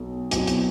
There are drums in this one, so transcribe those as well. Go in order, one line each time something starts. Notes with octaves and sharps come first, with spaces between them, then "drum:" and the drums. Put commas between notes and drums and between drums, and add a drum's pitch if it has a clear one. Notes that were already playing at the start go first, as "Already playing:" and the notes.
Already playing: B1 F#3
B1 B2 F#3 C4 E4, drum: hi-hat
drum: hi-hat